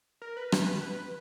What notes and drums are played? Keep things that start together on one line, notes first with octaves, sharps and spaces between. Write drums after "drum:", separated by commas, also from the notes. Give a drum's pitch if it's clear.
A#4
B4
drum: rim click